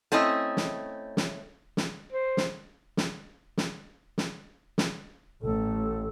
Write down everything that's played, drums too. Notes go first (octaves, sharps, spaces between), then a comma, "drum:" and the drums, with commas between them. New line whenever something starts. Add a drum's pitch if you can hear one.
A3 C4 C#4 E4 D#5
drum: snare
drum: snare
drum: snare
C5
drum: snare
drum: snare
drum: snare
drum: snare
drum: snare
A1 A4